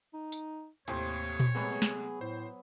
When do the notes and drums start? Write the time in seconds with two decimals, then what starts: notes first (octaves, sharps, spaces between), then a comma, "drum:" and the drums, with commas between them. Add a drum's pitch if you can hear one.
0.14 D#4
0.32 drum: tambourine
0.88 D#2 A2 C3 C5 C#5 G5 G#5, drum: hi-hat
1.40 drum: tom A#2
1.55 C3 F#3 G#3 A3 B3 G#4
1.82 drum: snare
2.21 A2 C5